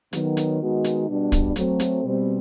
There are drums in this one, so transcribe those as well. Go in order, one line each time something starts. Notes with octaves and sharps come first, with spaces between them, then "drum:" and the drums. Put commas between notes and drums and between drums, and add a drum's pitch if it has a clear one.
D#3 F#3 B3, drum: hi-hat
drum: hi-hat
D#3 G#3 B3 D#4 F#4
drum: hi-hat
B2 G3 B3 D4
drum: kick, hi-hat
F#3 A3 C4, drum: hi-hat
drum: hi-hat
B2 G3 C4